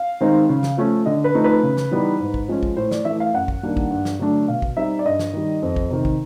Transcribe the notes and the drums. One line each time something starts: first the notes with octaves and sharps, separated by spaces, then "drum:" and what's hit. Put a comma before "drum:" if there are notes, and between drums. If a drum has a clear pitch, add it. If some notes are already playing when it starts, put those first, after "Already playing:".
Already playing: F5
D#3 G#3 C4 D#4
C#3
drum: snare
F3 A3 C#4
D3 D#5
B4
F3 A3 C4 D#4
B4
C#3
drum: snare
E3 G3 B3 D#4
G#2
drum: kick
F3 G#3 C#4
drum: kick
A2 C5
D5, drum: snare
E3 A3 E5
F5
F#2 F#5
drum: kick
D#3 G3 A#3 D4
drum: kick
G2
drum: snare
D3 F#3 A3 D4
B2 F5
drum: kick
G3 C4 D#4 E5
D5
G2 D#5
drum: snare
D#3 G3
F2
drum: kick
C3 D#3
drum: kick